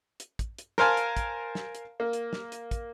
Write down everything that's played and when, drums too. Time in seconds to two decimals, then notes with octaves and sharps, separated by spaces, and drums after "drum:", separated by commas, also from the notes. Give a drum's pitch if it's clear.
0.20 drum: hi-hat
0.39 drum: kick, hi-hat
0.59 drum: hi-hat
0.78 A#4 C5 F5 G#5 A5, drum: snare
0.97 drum: hi-hat
1.17 drum: kick, hi-hat
1.55 drum: snare
1.75 drum: hi-hat
2.00 A#3
2.13 drum: hi-hat
2.33 drum: snare
2.52 drum: hi-hat
2.71 drum: kick, hi-hat